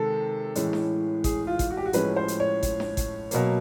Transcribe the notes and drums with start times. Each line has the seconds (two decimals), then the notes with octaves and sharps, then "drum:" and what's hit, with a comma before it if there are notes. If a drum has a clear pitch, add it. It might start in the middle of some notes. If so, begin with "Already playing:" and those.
Already playing: C3 D#3 G#3 A4
0.55 A2 E3 G#3 C#4, drum: hi-hat
0.73 drum: snare D4
1.24 G#4, drum: kick G#1, hi-hat
1.47 F4
1.59 drum: kick G#1, hi-hat
1.71 F#4
1.77 G4
1.86 F#4
1.93 A2 F3 G#3 C#4 B4, drum: hi-hat
2.16 C5
2.28 drum: hi-hat
2.40 C#5
2.63 drum: kick G#1, hi-hat
2.80 drum: snare D4
2.97 drum: kick G#1, hi-hat
3.31 B2 F#3 A#3, drum: hi-hat